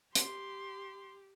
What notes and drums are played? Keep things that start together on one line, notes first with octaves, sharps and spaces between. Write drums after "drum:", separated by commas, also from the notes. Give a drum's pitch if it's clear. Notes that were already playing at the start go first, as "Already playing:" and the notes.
G4 C6, drum: hi-hat